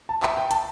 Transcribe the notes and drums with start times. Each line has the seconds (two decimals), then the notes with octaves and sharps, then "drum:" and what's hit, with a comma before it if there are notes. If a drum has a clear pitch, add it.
0.09 A5
0.23 E5, drum: clap
0.37 G5
0.51 A5, drum: hi-hat